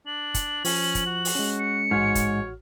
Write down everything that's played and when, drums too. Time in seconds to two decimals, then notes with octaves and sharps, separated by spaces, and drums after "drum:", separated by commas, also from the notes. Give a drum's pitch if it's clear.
0.06 D4 F#7
0.34 drum: kick, hi-hat
0.65 F3 C#4, drum: open hi-hat
0.95 drum: kick, hi-hat
1.06 F#4
1.25 drum: open hi-hat
1.35 G#3 C#4
1.59 C#7
1.91 A1 G#2 F#4 C#5 F6
2.15 drum: kick, hi-hat